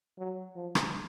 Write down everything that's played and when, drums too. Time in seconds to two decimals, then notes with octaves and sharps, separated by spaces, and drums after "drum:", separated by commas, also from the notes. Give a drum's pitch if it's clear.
0.18 F#3
0.56 F3
0.75 drum: rim click